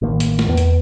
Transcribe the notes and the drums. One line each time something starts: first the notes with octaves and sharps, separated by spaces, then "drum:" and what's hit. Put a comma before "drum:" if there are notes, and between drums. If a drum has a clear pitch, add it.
A1 D#3 A#3
drum: hi-hat
drum: snare
E2 B3
drum: hi-hat